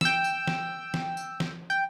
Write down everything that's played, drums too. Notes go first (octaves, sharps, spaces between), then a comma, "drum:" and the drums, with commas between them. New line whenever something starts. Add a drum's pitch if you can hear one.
G5 E6, drum: snare
drum: tambourine
drum: snare
drum: snare
drum: tambourine
drum: snare
G5